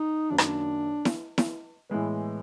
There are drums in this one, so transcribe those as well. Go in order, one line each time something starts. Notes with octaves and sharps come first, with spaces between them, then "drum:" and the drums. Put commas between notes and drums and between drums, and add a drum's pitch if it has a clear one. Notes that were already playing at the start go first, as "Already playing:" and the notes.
Already playing: D#4
F#2 D#3 F#3 A#3 D4
D#4, drum: rim click
D4
drum: snare E4
drum: snare E4
A2 E3 G#3 B3